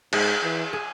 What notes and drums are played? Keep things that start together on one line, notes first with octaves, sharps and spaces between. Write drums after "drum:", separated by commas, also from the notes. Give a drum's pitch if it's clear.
G#2 G#4, drum: cymbal
E3
G#4